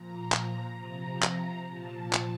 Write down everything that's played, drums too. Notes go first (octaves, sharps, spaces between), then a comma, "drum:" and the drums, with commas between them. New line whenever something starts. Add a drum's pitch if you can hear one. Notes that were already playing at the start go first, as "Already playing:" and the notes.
Already playing: A#2 F3 A#5
drum: clap
C3 F3 A#5
drum: clap
A#2 F3 A5
drum: clap